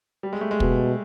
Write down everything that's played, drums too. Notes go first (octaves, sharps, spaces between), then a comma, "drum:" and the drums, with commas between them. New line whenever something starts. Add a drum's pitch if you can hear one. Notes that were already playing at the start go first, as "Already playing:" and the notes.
G3
G#3
A3
G#3
B2, drum: kick